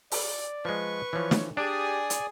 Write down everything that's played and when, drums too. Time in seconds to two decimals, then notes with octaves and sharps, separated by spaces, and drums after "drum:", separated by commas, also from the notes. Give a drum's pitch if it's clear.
0.12 D5, drum: open hi-hat
0.65 F3 G#3 B4 C#6
1.13 E3 F3 C#5
1.31 drum: snare
1.57 D4 G4 G#4 D5 G#5 D#6
2.10 drum: hi-hat